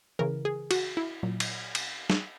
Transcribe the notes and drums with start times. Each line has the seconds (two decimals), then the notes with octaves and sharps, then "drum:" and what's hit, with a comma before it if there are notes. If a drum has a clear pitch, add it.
0.19 C#3 E3 A#4
0.45 G#4
0.71 F#4, drum: cymbal
0.97 E4
1.23 A#2 F#3
1.40 drum: cymbal
1.75 drum: cymbal
2.10 drum: snare